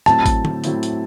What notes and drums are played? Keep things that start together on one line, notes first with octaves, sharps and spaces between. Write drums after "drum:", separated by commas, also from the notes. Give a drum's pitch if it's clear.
A2 F#3 C4 E4 A5, drum: rim click
drum: kick G#1, hi-hat
drum: tom
A2 F#3 C4 E4, drum: hi-hat
drum: hi-hat